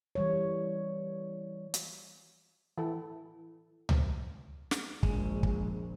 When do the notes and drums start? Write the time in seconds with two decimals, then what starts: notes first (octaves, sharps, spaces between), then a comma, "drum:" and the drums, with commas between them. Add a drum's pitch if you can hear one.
0.15 E3 G3 C#5
1.74 drum: hi-hat
2.78 E3 A4
3.89 drum: tom C#2
4.71 drum: snare
5.03 A#1 G#3, drum: kick
5.43 drum: kick